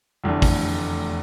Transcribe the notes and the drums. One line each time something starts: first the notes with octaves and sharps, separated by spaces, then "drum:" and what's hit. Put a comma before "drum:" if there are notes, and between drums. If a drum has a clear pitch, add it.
F1 E2 D3 A3
drum: kick, open hi-hat